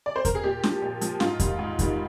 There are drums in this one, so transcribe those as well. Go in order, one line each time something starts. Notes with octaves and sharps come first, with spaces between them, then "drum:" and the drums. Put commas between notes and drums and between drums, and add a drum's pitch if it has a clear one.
D5
C5
A#4, drum: kick E2, hi-hat
G#4
A#2 G4
F3, drum: snare
A#2 G4
F3, drum: hi-hat
G#2 F4, drum: snare
D#3 G3, drum: kick E2, hi-hat
G#2
D#3 G3, drum: kick E2, hi-hat